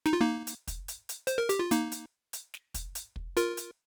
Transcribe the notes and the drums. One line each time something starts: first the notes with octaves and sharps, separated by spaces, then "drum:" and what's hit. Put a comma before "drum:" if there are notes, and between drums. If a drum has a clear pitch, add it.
D#4, drum: snare
F4
A#3 D#4
drum: hi-hat
drum: kick, hi-hat
drum: hi-hat
drum: hi-hat
C5, drum: hi-hat
A#4
G4, drum: hi-hat
F4
A#3 D#4, drum: hi-hat
drum: hi-hat
drum: hi-hat
drum: snare
drum: kick, hi-hat
drum: hi-hat
drum: kick
F4 A#4, drum: hi-hat
drum: hi-hat